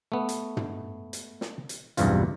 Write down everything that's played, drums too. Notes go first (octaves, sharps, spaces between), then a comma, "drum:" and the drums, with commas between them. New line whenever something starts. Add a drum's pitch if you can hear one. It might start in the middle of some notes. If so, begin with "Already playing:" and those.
A3 B3
drum: hi-hat
drum: tom
drum: hi-hat
drum: snare
drum: hi-hat
B1 E2 G2 C3 F4, drum: hi-hat